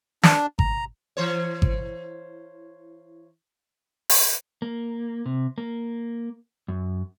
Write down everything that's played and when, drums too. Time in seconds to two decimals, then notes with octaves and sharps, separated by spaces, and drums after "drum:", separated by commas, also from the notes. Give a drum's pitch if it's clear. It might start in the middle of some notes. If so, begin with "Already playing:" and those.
0.23 D4, drum: snare
0.59 A#5, drum: kick G#1
1.17 E3 C5 C#5
1.62 drum: kick G#1
4.10 drum: open hi-hat
4.62 A#3
5.26 C3
5.58 A#3
6.68 F#2